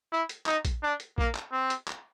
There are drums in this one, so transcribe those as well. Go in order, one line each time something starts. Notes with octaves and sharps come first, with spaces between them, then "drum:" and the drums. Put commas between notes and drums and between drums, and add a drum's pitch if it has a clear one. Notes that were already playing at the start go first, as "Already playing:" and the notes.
E4
drum: hi-hat
D#4, drum: clap
drum: kick A#1, hi-hat
D4
drum: hi-hat
A#3, drum: kick A#1
drum: clap
C4
drum: hi-hat
drum: clap